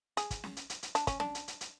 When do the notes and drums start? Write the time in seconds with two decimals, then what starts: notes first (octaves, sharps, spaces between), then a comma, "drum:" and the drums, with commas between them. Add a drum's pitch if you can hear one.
0.17 G#4, drum: hi-hat
0.31 drum: kick, hi-hat
0.44 drum: snare C#4
0.57 drum: hi-hat
0.70 drum: hi-hat
0.83 drum: hi-hat
0.95 D4, drum: hi-hat
1.07 C#4, drum: kick, hi-hat
1.20 D4, drum: snare C#4
1.35 drum: hi-hat
1.48 drum: hi-hat
1.61 drum: hi-hat